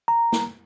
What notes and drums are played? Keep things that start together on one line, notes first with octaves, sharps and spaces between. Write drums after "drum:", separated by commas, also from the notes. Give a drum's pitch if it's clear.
A#5
drum: snare A#3